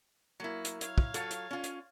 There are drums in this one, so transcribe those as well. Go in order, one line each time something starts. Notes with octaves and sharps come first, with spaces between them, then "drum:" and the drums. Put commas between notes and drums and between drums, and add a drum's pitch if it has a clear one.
F#3 A#3 E4
drum: hi-hat
C#5 F5, drum: hi-hat
drum: kick
F#3 F4 A4, drum: hi-hat
drum: hi-hat
C#4 F4
drum: hi-hat